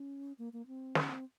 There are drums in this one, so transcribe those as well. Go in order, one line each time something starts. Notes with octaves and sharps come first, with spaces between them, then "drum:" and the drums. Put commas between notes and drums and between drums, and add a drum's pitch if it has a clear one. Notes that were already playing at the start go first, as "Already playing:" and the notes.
Already playing: C#4
A#3
A#3
C4
C#4, drum: snare
C4